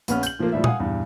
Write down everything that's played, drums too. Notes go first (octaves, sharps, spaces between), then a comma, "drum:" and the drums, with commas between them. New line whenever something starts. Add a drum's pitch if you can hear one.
A#1 B3 C#4 F6, drum: hi-hat
G6 F#7, drum: hi-hat
A#2 F3 A3 A#3 F4
A2 F3 G3 E5
F5 F#5 G#5 D#6, drum: tom A#2
E2 G2